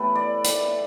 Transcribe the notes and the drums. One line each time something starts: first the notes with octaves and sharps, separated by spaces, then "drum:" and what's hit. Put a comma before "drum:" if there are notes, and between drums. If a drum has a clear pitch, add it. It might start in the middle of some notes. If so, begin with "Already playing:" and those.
Already playing: A2 E3 B3 G4 A4 B4
D5
drum: hi-hat